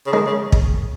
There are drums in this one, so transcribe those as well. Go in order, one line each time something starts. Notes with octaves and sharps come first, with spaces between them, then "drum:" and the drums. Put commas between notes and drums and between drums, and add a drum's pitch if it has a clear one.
C#3
D#3 G#3
C#3
drum: kick